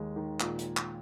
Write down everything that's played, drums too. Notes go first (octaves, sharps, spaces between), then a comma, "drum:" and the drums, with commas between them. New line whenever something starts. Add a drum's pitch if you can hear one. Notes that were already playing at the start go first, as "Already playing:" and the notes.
Already playing: D#2 G#3
D#3
A#2, drum: clap
drum: hi-hat
drum: clap